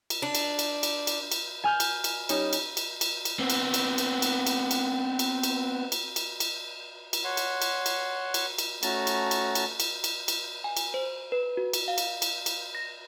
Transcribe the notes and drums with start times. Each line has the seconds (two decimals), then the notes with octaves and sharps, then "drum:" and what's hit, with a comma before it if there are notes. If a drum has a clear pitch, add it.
0.10 drum: cymbal
0.22 D4
0.35 drum: cymbal
0.59 drum: cymbal
0.83 drum: cymbal
1.07 drum: cymbal
1.32 drum: cymbal
1.64 G#5 F6 G6
1.80 drum: cymbal
2.04 drum: cymbal
2.29 G3 C#4 D#4, drum: cymbal
2.53 drum: cymbal
2.77 drum: cymbal
3.01 drum: cymbal
3.25 drum: cymbal
3.39 B3 C4
3.50 drum: cymbal
3.74 drum: cymbal
3.98 drum: cymbal
4.22 drum: cymbal
4.47 drum: cymbal
4.71 drum: cymbal
5.19 drum: cymbal
5.43 drum: cymbal
5.92 drum: cymbal
6.16 drum: cymbal
6.40 drum: cymbal
7.13 drum: cymbal
7.24 C#5 F#5 C6
7.37 drum: cymbal
7.62 drum: cymbal
7.86 drum: cymbal
8.34 drum: cymbal
8.58 drum: cymbal
8.83 A3 C#4 F#4 A5 A#5, drum: cymbal
9.07 drum: cymbal
9.31 drum: cymbal
9.55 drum: cymbal
9.80 drum: cymbal
10.04 drum: cymbal
10.28 drum: cymbal
10.64 G#5
10.77 drum: cymbal
10.94 C5
11.32 B4
11.57 F#4
11.73 drum: cymbal
11.88 F5
11.98 drum: cymbal
12.22 drum: cymbal
12.46 drum: cymbal
12.75 A#6